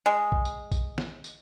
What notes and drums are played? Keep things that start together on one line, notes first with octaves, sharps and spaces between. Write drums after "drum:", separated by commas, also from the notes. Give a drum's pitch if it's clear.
G#3
drum: kick A#1
drum: tambourine
drum: kick A#1, tambourine
drum: snare
drum: tambourine